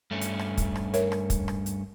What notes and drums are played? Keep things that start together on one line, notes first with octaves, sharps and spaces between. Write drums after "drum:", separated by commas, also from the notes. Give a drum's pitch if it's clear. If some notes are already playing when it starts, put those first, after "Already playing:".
G2 A3 C#4
drum: hi-hat
drum: rim click
drum: kick, hi-hat
drum: rim click
A#4 C#5 E5, drum: hi-hat
drum: rim click
drum: kick, hi-hat
drum: rim click
drum: hi-hat